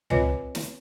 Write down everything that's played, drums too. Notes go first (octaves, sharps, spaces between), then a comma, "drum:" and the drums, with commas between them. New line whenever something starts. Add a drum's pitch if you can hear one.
C4 F4 B4 C#5 D#5 G#5, drum: tom C#2
drum: snare